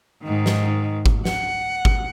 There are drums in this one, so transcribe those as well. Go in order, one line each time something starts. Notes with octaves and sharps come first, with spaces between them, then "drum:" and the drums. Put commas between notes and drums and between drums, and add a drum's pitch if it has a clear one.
G#2 D#3
drum: snare
drum: kick G1
F#5, drum: snare
drum: kick G1